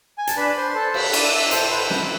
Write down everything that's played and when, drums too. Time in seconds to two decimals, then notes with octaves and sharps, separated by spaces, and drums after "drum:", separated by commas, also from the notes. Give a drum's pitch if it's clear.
0.18 G#5
0.27 A5, drum: hi-hat
0.37 D4 B4 B5
0.56 C5 C6
0.75 A4 A5
0.94 B4 B5, drum: cymbal
1.13 D4 E5 E6, drum: cymbal
1.33 E5 E6
1.51 A4 C5 C6, drum: hi-hat
1.71 B4 B5
1.90 A3, drum: snare